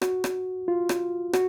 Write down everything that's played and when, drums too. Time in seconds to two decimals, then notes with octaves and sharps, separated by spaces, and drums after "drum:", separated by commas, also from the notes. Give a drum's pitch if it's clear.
0.02 F#4, drum: rim click
0.24 drum: rim click
0.68 F4
0.89 drum: rim click
1.33 F#4, drum: rim click